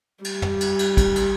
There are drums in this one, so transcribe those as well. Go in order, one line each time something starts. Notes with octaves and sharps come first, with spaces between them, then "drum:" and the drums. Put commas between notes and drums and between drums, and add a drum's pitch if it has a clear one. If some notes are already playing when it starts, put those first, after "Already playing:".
G3, drum: cymbal
drum: tom
drum: cymbal
drum: cymbal
drum: kick, cymbal
drum: cymbal